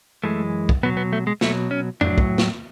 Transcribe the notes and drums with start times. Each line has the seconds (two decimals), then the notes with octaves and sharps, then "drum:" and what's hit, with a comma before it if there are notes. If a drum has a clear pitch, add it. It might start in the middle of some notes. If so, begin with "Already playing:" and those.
0.24 F#2 E3 G#3 A3
0.69 drum: kick
0.83 B2 F#3 B3
0.97 B3
1.13 A3
1.27 G#3
1.41 B2 F#3 A3, drum: snare
1.71 C#4
2.01 A2 F#3 D4, drum: tom F2
2.18 drum: kick
2.38 drum: snare